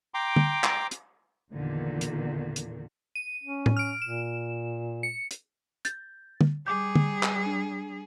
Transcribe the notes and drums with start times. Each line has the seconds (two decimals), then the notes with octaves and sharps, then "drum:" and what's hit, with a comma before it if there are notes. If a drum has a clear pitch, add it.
0.14 G5 A#5 C6 D6
0.36 drum: tom
0.64 drum: clap
0.91 drum: hi-hat
1.52 E2 A#2 D3 D#3
2.01 drum: hi-hat
2.56 drum: hi-hat
3.15 D#7
3.44 C#4
3.66 drum: tom A2
3.77 F6 D7
4.02 A#2 E7
5.03 C#7
5.31 drum: hi-hat
5.85 G6 A6, drum: hi-hat
6.41 drum: tom
6.67 G3 G#4 D6 G6
6.95 drum: tom
7.23 drum: clap
7.46 D4